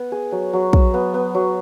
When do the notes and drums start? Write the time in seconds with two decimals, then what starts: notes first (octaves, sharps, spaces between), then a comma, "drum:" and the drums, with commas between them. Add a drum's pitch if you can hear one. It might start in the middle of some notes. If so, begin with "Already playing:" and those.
Already playing: B3
0.12 G#4
0.32 F#3
0.53 F#3
0.73 F#3, drum: kick
0.94 B3
1.14 B3
1.34 F#3